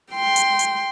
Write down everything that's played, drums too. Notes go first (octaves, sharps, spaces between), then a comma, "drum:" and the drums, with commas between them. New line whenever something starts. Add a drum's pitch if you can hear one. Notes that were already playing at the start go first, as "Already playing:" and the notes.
G5 C6
drum: hi-hat
drum: hi-hat